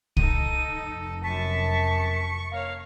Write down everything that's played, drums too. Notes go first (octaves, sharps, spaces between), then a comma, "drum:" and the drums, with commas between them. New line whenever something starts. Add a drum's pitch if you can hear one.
D#4 A4 D#7, drum: kick
F1
F#2 A5 C#6 B6
A#3 C#5 F5